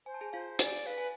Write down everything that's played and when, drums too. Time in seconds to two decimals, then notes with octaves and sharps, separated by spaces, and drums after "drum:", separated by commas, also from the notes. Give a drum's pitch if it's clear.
0.06 C5 G#5
0.14 A5
0.21 G#4 G#5
0.33 F4 C5 F5
0.59 G#4 D5 G#5, drum: hi-hat
0.86 B4 F5
0.98 G#5